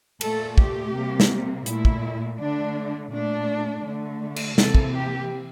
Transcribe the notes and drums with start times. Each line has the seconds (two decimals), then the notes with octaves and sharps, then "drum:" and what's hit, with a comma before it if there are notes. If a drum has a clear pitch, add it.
0.21 A#2 A3 A4, drum: cymbal
0.58 G4, drum: kick
0.94 C3 G3 A#3
1.20 drum: snare
1.66 A#2 A3 E4, drum: hi-hat
1.85 drum: kick
2.38 D3 A3 D4
3.12 A#2 A3 D4
3.84 D3 A3
4.36 drum: cymbal
4.58 C3 E3 A#3 A4, drum: snare
4.75 drum: kick
4.94 G4